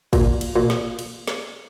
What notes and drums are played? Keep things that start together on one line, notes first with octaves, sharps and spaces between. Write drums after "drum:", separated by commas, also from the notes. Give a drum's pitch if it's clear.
A#2, drum: kick, cymbal
drum: cymbal
A#2
drum: snare
drum: cymbal
drum: snare